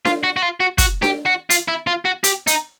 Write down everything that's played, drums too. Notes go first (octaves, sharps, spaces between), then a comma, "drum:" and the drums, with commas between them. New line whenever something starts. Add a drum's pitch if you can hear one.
F4, drum: snare D4
F#4
F#4
F4
F#4
F#4, drum: kick, hi-hat
G4, drum: snare D4
F#4
F4, drum: hi-hat
E4
F4
F#4
G4, drum: hi-hat
D#4, drum: hi-hat